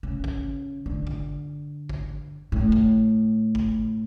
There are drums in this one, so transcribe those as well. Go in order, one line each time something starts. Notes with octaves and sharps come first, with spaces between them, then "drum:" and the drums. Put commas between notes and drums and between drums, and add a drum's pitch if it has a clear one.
C#3
drum: kick G1
D3
drum: kick G1
drum: kick G1
A2
drum: kick G1
drum: kick G1